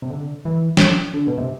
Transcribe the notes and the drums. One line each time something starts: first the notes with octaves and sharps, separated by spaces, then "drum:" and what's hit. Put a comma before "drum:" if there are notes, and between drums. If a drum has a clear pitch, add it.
C3
D3
E3
drum: snare
D3
B2
C3